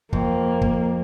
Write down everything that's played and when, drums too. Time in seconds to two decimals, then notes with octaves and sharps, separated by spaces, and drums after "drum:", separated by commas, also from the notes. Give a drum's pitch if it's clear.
0.13 F2 A#3, drum: kick
0.62 drum: kick